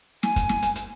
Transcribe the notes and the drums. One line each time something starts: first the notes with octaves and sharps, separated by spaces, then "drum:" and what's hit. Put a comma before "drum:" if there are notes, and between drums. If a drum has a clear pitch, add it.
G#5, drum: snare
drum: kick, hi-hat
drum: snare
drum: hi-hat
drum: hi-hat